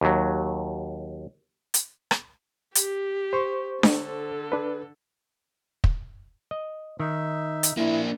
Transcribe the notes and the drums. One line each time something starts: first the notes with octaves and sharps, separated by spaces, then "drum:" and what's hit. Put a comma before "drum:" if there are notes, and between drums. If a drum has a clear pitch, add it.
D#2 F#3
drum: hi-hat
drum: rim click
G4, drum: hi-hat
C5 C#6
D3 A4, drum: snare D4
D4 B4
drum: kick
D#5
D#3 D#4 E5
drum: hi-hat
A#3 D4 E4